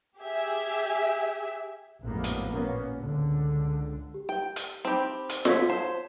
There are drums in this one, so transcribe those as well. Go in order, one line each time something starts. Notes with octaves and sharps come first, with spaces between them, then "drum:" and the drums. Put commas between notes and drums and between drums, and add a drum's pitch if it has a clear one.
G4 G#4 E5
A1 F2 G#2 A#3 B3
drum: hi-hat
A#2 A#3 B3 C#4
C#2 D3
G4
G5
drum: hi-hat
C4 D#4 G4 A5 B5
drum: hi-hat
C6 G#6 B6, drum: snare F4
C5 C#5 A5 E7